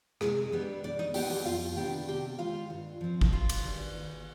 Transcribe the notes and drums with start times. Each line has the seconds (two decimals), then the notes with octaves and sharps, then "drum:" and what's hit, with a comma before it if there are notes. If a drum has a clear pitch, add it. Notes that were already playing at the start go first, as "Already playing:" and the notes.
0.21 C3 G#3 G#4, drum: rim click
0.52 G3 B3 D4 B4
0.83 B2 D4 D5
0.99 D#4 D#5
1.14 G3 B3 G4 G5, drum: open hi-hat
1.30 G4 G5
1.45 F2 F4 F5
1.76 C3 D#3 B3 D4 G4 G5
2.08 C3 G4 G5
2.38 D#3 G#3 F4 F5
2.70 G2
3.01 F3 C4
3.21 drum: kick G1
3.32 G2 F4 F5
3.49 drum: cymbal
3.63 D#3 G3 D4
3.94 D#2